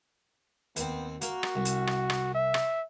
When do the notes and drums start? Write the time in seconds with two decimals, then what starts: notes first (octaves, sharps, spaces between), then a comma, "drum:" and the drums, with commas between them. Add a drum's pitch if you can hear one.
0.76 D#2 B3 C4, drum: hi-hat
1.21 A#3 F#4, drum: hi-hat
1.43 drum: rim click
1.55 C2
1.65 drum: hi-hat
1.87 drum: rim click
2.10 drum: rim click
2.35 E5
2.54 drum: rim click